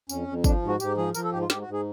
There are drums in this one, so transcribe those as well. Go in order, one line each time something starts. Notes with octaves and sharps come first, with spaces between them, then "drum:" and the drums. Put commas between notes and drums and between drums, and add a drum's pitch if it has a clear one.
F2 C#4, drum: tambourine
F2
F3 D4, drum: kick, tambourine
G#2
F#4
G#2 G4, drum: tambourine
F3 G#4
F3 A#4, drum: tambourine
A4
G#2 G4
F4
G#2 G4, drum: snare
F#4
G#2
G#4